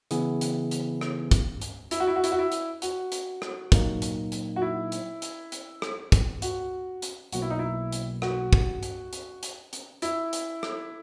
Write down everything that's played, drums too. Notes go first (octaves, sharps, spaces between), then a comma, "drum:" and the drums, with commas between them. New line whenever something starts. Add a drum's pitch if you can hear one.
C#3 E3 B3 E4 G#4, drum: hi-hat
drum: hi-hat
drum: hi-hat
drum: rim click
drum: kick, hi-hat
drum: hi-hat
E4, drum: hi-hat
F#4
E4
F#4
E4, drum: hi-hat
F#4
E4
drum: hi-hat
F#4, drum: hi-hat
drum: hi-hat
drum: rim click
A#2 F#3 A#3 D#4, drum: kick, hi-hat
drum: hi-hat
drum: hi-hat
F#4
E4
drum: hi-hat
drum: hi-hat
drum: hi-hat
drum: rim click
drum: kick, hi-hat
F#4, drum: hi-hat
drum: hi-hat
B1 B2 F#3 A#3 F#4, drum: hi-hat
E4
D#4
E4
drum: hi-hat
F#4, drum: rim click
drum: kick
drum: hi-hat
drum: hi-hat
drum: hi-hat
drum: hi-hat
E4, drum: hi-hat
drum: hi-hat
drum: rim click